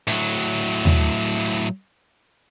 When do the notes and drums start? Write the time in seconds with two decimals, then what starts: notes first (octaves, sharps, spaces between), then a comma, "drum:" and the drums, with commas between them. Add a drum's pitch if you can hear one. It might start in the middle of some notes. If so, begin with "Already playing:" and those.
0.07 A2 F#3, drum: hi-hat
0.85 drum: tom D#2